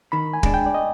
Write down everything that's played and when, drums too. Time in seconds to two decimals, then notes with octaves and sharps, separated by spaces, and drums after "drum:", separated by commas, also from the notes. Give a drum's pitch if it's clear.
0.12 D#3 B5
0.34 G#5
0.43 G#3 D4, drum: kick
0.54 G5
0.66 D5
0.74 D#5